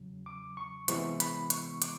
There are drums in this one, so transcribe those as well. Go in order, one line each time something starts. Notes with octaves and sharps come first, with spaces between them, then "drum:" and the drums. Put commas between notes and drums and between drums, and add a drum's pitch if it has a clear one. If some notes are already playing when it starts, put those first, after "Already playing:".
Already playing: E2 C#3 F#3
D6
C#6
C3 E3 G#3 B3 C#6, drum: hi-hat
B5, drum: hi-hat
C#6, drum: hi-hat
D6, drum: hi-hat